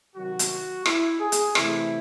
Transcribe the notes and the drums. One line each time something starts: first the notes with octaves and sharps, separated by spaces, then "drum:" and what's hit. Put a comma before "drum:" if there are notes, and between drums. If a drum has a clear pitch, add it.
C3 D#3 F#3 F#4
drum: hi-hat
E4, drum: rim click
G#4
drum: hi-hat
C3 E3 A3 E4, drum: rim click